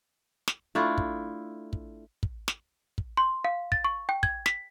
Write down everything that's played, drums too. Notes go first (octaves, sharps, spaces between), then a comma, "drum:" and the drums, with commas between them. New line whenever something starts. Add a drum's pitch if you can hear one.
drum: snare
A3 D4 E4 F4
drum: kick
drum: kick
drum: kick
drum: snare
drum: kick
C6
F5
A6, drum: kick
C#6
G5
G#6, drum: kick
B6, drum: snare